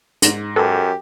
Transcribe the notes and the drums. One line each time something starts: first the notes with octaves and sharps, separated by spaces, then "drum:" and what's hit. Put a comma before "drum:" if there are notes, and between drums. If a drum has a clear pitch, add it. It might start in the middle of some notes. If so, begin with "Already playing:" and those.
G#2 A#6, drum: hi-hat
F#2 G4 A4 B4